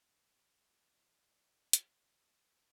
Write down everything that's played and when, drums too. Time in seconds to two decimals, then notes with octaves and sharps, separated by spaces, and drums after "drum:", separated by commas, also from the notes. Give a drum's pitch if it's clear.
0.84 E3 C4 F4 D5 E7
1.73 F5, drum: hi-hat